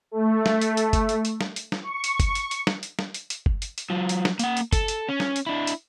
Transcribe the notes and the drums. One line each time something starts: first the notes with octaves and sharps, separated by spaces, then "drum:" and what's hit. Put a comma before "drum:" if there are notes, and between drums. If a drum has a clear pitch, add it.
A3
drum: snare
drum: hi-hat
drum: hi-hat
drum: kick, hi-hat
drum: hi-hat
drum: hi-hat
drum: snare
drum: hi-hat
drum: snare
C#6
drum: hi-hat
drum: kick, hi-hat
drum: hi-hat
drum: hi-hat
drum: snare
drum: hi-hat
drum: snare
drum: hi-hat
drum: hi-hat
drum: kick
drum: hi-hat
drum: hi-hat
F#3 F4
drum: hi-hat
drum: snare
A#3 F#5, drum: hi-hat
drum: hi-hat
A4, drum: kick, hi-hat
drum: hi-hat
C#4
drum: snare
drum: hi-hat
D4 E4
drum: hi-hat